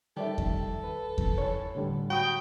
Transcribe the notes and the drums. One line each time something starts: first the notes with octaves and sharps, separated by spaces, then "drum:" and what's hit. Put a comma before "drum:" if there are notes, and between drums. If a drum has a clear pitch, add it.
D#3 G3 G4 A4 D5 E5
drum: kick E2
B4
drum: kick E2
E3 C#5
A2 D3 G3
F#3 F#4 G5 B5 D#6